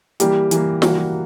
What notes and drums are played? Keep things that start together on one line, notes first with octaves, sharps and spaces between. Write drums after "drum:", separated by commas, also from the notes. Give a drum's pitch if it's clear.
E3 G3 A#3 G4, drum: hi-hat
E3 G3 A#3, drum: hi-hat
E3 G3 A#3 F#4, drum: snare
F#4